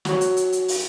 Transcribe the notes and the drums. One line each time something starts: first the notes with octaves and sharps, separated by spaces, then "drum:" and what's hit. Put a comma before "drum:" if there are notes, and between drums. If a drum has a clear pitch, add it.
F#3 F#4, drum: snare
drum: hi-hat
drum: hi-hat
drum: hi-hat
drum: open hi-hat